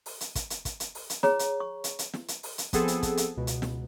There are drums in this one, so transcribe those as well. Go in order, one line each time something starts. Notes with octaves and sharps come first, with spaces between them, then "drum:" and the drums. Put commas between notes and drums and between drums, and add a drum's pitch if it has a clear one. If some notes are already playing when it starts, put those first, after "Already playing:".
drum: open hi-hat
drum: hi-hat
drum: kick, hi-hat
drum: hi-hat
drum: kick, hi-hat
drum: hi-hat
drum: open hi-hat
drum: hi-hat
G#4 C#5 A#5, drum: snare
drum: hi-hat
C#6
drum: hi-hat
drum: hi-hat
drum: snare
drum: hi-hat
drum: open hi-hat
drum: hi-hat
F3 B3 C4 G#4 A4, drum: kick, hi-hat
drum: hi-hat
drum: kick, hi-hat
drum: hi-hat
C#2 B2
drum: hi-hat
drum: snare